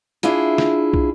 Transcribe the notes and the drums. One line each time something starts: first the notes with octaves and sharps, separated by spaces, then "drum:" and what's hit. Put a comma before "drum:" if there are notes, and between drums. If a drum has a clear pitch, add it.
D4 E4 F4 G#4, drum: hi-hat
drum: snare
drum: kick